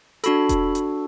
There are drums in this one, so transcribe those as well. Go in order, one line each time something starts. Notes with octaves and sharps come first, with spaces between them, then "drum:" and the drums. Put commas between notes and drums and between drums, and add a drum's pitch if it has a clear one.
D4 F#4 A4 B5, drum: hi-hat
drum: kick E1, hi-hat
drum: hi-hat